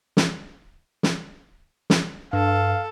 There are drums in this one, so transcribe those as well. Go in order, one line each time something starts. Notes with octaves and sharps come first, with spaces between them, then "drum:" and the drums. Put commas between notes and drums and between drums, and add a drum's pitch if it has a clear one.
drum: snare
drum: snare
drum: snare
G2 A4 F5